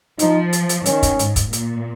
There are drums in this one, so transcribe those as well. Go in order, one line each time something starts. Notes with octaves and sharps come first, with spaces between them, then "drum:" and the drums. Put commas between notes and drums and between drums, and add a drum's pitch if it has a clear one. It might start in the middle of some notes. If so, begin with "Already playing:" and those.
F3 D#4, drum: hi-hat
drum: hi-hat
drum: hi-hat
D#3 C#4, drum: hi-hat
drum: kick, hi-hat
G#2, drum: hi-hat
drum: kick, hi-hat
A#2, drum: hi-hat